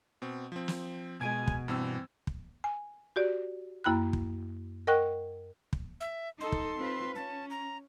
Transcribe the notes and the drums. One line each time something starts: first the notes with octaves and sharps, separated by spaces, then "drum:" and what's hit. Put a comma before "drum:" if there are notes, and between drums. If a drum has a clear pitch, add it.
B2 C4
F3 C4
drum: snare
B2 G#3 G#5 G#6 D7 D#7
drum: kick
G2 E3 C4 E6
drum: kick
G#5
F#4 G4 D5
F#2 A#3 E4 G5 B5 F#6
drum: kick
A#4 D#5 F#5 G5 C#6 F#6
drum: kick
E5
D#4 A4 C6
drum: kick
C4 F4 B4
C#4 A5
A#5